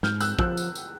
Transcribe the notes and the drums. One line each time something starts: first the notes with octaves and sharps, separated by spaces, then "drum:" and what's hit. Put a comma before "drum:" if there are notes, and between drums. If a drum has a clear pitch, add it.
G#2 F6 G6, drum: snare
E6 F#6, drum: tambourine
F3 E6 F#6, drum: kick
drum: tambourine
drum: tambourine